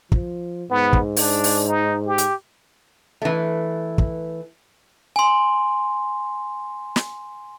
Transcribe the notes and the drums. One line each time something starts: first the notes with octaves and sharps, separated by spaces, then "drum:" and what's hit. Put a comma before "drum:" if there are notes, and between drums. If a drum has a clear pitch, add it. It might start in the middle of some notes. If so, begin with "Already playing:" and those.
F3, drum: kick
G#2 B3
drum: kick
D4, drum: open hi-hat
drum: open hi-hat
D#4
G4
drum: hi-hat
E3 A3
drum: kick
G#5 C6
drum: snare